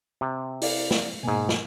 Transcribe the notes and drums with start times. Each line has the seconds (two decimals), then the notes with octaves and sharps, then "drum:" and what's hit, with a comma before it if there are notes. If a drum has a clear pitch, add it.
0.21 C3
0.62 E4 D5 F5, drum: open hi-hat
0.91 drum: snare
1.23 G#2 B2 A#3 G#5
1.49 drum: snare